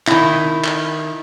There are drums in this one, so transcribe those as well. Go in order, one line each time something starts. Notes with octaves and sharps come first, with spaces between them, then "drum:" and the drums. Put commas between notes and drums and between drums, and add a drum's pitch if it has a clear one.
D#3 E4, drum: clap
drum: clap